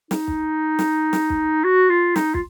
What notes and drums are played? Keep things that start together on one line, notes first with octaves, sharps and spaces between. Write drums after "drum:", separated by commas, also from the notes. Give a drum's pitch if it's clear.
D#4, drum: snare
drum: kick
drum: snare
drum: snare
drum: kick
F#4
F4
D#4, drum: snare
F4, drum: kick